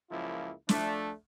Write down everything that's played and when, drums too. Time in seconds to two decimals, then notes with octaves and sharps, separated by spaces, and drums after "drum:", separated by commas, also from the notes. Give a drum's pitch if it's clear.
0.10 C#2 F#2 F3 A#3 E4 F4
0.69 F3 A3 D4, drum: snare